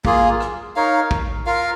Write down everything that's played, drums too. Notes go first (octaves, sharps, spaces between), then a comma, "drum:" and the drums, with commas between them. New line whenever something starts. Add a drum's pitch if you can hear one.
A#3 F4 G#4, drum: kick
drum: rim click
D#4 A#4 C#5 F5
drum: kick
F4 A#4 F5